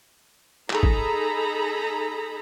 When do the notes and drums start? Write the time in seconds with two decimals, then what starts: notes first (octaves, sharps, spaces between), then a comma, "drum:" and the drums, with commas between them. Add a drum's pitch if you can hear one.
0.70 D#4 G#4 A4 A#5 B5, drum: clap
0.83 drum: kick G#1